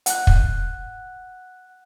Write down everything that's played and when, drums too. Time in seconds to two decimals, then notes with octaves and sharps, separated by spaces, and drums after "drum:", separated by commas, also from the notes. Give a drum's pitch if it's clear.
0.06 F#5 F#6, drum: hi-hat
0.27 drum: kick